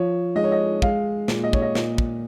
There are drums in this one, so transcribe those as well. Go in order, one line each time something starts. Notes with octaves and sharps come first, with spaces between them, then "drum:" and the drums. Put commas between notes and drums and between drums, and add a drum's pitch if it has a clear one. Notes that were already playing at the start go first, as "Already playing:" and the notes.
Already playing: F3 C#5
G#3 D#5
C#5
D#5
G#3 F5, drum: kick
A#2, drum: snare
D#5
C#5, drum: kick
D#5
A#2, drum: snare
drum: kick